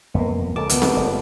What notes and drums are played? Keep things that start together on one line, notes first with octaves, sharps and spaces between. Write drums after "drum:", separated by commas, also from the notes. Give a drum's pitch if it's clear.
F2 A#3 B3
C#2 C#3 G#3 A4 A#4 A5 D6
A3 B3, drum: hi-hat
drum: snare C4
F#1 F3